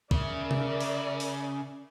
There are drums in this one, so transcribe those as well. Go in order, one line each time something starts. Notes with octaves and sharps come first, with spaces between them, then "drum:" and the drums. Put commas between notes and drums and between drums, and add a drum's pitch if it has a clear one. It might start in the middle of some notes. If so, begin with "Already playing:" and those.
C#3 A#4 D5 E5, drum: kick
drum: tom C3
drum: open hi-hat
drum: open hi-hat